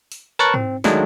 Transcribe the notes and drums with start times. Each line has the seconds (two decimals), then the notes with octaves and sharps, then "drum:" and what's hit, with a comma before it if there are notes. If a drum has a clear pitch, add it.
0.12 drum: open hi-hat
0.39 A#4 B4 C#5 A5 C#6 F#6
0.54 C4, drum: tom G#2
0.84 D#3 F#3 G#3 A3 D4, drum: snare